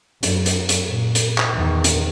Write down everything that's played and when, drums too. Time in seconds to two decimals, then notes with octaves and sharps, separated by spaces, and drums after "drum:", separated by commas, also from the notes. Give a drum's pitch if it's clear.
0.23 F#2, drum: hi-hat
0.46 drum: hi-hat
0.69 drum: hi-hat
0.87 A#2
1.15 drum: hi-hat
1.38 drum: clap
1.55 E2 D#3
1.84 drum: hi-hat